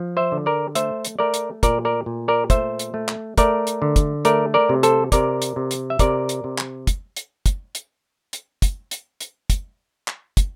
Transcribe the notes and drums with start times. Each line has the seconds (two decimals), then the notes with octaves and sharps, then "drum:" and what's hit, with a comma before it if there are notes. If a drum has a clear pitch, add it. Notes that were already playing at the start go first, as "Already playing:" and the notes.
Already playing: F3
0.17 C5 E5
0.32 D3
0.46 A#4 D5
0.75 A3 C5 E5, drum: hi-hat
1.05 drum: hi-hat
1.19 A3 A#4 D5
1.34 drum: hi-hat
1.63 A#2 A#4 D5, drum: kick, hi-hat
1.85 A#4 D5
2.06 A#2
2.28 A#4 D5
2.50 A3 C5 E5, drum: kick, hi-hat
2.79 drum: hi-hat
2.94 A3
3.09 drum: clap
3.38 A3 A#4 D5, drum: kick, hi-hat
3.67 drum: hi-hat
3.82 D3
3.96 drum: kick, hi-hat
4.25 A3 A#4 D5, drum: hi-hat
4.54 A#4 D5
4.69 C3
4.83 A4 C5, drum: hi-hat
5.12 C3 A#4 D5, drum: kick, hi-hat
5.42 drum: hi-hat
5.56 C3
5.71 drum: hi-hat
5.90 E5
5.99 C3 A#4 D5, drum: kick, hi-hat
6.29 drum: hi-hat
6.44 C3
6.58 drum: clap
6.87 drum: kick, hi-hat
7.16 drum: hi-hat
7.46 drum: kick, hi-hat
7.75 drum: hi-hat
8.33 drum: hi-hat
8.62 drum: kick, hi-hat
8.91 drum: hi-hat
9.20 drum: hi-hat
9.50 drum: kick, hi-hat
10.08 drum: clap
10.37 drum: kick, hi-hat